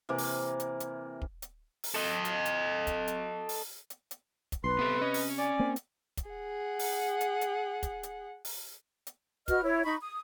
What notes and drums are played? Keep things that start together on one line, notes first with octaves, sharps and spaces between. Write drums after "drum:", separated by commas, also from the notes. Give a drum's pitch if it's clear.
C3 E3 A#3 D6
drum: open hi-hat
drum: hi-hat
drum: hi-hat
drum: kick
drum: hi-hat
drum: open hi-hat
A4 D#5
drum: hi-hat
drum: hi-hat
drum: kick, hi-hat
drum: hi-hat
drum: open hi-hat
drum: hi-hat
drum: hi-hat
drum: kick, hi-hat
B1 B4 C6
C3 B3 A4
C#4 D#5
drum: open hi-hat
D5 G#5
A#3 C4
drum: hi-hat
drum: kick, hi-hat
G#4 F#5
drum: open hi-hat
drum: hi-hat
drum: hi-hat
drum: kick, hi-hat
drum: hi-hat
drum: open hi-hat
drum: hi-hat
F#4 B4 D#5 F6, drum: kick, hi-hat
E4 C#5
D#4 B5 C#6
D#6